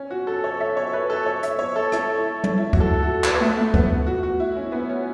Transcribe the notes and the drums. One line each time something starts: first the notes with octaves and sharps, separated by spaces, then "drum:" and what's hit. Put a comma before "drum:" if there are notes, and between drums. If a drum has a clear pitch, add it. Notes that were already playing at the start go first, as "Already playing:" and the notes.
Already playing: C#4
F#4
A4
C#5
E5
C#5
B4
A4
C#5
E5, drum: hi-hat
C#5
A4
E4, drum: rim click
drum: tom
E4
F#4, drum: kick C#2
A4
F#4
B4, drum: clap
A3
A3
B3, drum: kick C#2
F#4
F#4
E4
C#4
B3
C#4